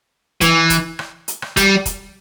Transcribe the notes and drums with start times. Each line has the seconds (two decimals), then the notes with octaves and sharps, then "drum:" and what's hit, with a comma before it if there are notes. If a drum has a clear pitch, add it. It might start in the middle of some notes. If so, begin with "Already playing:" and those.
0.41 E3, drum: kick, hi-hat
0.70 drum: kick, hi-hat
0.99 drum: rim click
1.28 drum: hi-hat
1.42 drum: rim click
1.57 G3, drum: kick, hi-hat
1.86 drum: kick, hi-hat